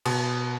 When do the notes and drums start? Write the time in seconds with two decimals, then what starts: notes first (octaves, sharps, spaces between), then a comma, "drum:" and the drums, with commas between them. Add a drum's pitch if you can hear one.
0.05 B2, drum: cymbal